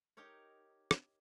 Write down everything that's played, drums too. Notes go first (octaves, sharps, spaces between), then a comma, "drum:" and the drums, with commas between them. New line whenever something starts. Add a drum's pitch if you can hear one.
D#4 G4 A#4 C#5
drum: rim click